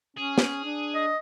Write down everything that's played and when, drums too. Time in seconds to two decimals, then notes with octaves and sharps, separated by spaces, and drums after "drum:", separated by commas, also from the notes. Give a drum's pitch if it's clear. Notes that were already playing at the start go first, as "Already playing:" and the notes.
0.17 C#4 G#4
0.38 drum: snare
0.64 D4
0.95 D#5